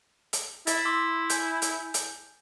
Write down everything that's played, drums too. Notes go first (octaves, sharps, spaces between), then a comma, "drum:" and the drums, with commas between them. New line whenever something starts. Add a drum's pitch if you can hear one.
drum: hi-hat
E4 A6, drum: hi-hat
C6 D6 E6
G#5 G6, drum: hi-hat
drum: hi-hat
drum: hi-hat